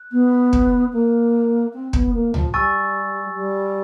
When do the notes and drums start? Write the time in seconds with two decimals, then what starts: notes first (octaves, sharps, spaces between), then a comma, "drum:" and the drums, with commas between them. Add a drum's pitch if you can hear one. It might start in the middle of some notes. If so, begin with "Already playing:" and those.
Already playing: F#6
0.12 B3
0.53 drum: kick
0.93 A#3
1.73 C4
1.93 B3, drum: kick
2.14 A#3
2.34 F3, drum: tom C#2
2.54 G3 G#5 C#6 E6 A6
3.34 G3